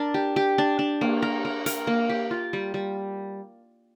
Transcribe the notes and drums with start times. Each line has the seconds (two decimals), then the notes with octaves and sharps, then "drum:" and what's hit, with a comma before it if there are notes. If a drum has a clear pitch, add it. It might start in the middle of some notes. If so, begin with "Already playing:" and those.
Already playing: D4 A#4
0.14 G4
0.36 G4
0.58 D4
0.79 D4
1.01 A#3, drum: cymbal
1.22 A#4
1.45 A#4
1.66 A#4, drum: hi-hat
1.87 A#3
2.09 G4
2.31 F4
2.53 G3
2.74 G3